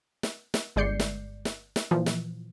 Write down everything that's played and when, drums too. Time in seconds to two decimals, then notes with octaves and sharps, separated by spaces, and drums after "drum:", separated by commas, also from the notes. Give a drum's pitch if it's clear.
0.23 drum: snare
0.54 drum: snare
0.76 G1 G#3 D5 G6 C7 C#7
1.00 drum: snare
1.45 drum: snare
1.76 drum: snare
1.91 A#2 E3 F3
2.06 drum: snare